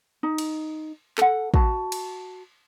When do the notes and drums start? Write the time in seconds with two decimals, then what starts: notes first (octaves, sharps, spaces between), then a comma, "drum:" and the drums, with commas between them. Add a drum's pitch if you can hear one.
0.23 D#4
0.38 drum: cymbal
1.18 A4 F#5, drum: clap
1.54 F#4 A5, drum: kick
1.92 drum: cymbal